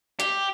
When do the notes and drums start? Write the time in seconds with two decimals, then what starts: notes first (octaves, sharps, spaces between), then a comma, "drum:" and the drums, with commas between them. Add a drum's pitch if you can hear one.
0.20 G4, drum: hi-hat